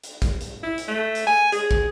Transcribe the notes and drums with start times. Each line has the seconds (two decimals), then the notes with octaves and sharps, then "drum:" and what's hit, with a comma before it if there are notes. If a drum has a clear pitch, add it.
0.03 drum: hi-hat
0.22 drum: kick, hi-hat
0.40 drum: hi-hat
0.63 E4
0.78 drum: hi-hat
0.88 A3
1.15 drum: hi-hat
1.27 G#5
1.52 G#4, drum: hi-hat
1.71 drum: kick